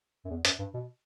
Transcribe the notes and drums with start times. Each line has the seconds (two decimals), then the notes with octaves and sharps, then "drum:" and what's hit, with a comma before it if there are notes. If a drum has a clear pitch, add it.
0.25 F#2
0.30 E2
0.45 F#2, drum: hi-hat
0.59 G2
0.74 B2